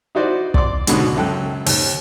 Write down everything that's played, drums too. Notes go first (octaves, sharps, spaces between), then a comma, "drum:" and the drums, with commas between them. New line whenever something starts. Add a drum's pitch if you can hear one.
D#4 E4 F#4 C5 D5 D#5
D5 C6 D6, drum: kick
C#2 G#2 B2 D3 G#3, drum: hi-hat
C#2 F#2 A4 G5 F#6
D#2, drum: open hi-hat